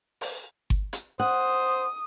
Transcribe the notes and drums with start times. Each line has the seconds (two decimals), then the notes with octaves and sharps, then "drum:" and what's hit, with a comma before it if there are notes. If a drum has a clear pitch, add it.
0.21 drum: open hi-hat
0.70 drum: kick G1
0.93 drum: hi-hat
1.20 C5 F#5 D#6